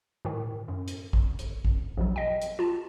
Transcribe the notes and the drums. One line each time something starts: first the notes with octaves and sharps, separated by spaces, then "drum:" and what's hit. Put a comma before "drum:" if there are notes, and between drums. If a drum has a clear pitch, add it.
A2 D#3
F#2
drum: hi-hat
drum: kick
drum: hi-hat
drum: kick
A#1 B2 F#3
D#5 G5
drum: hi-hat
F4 A5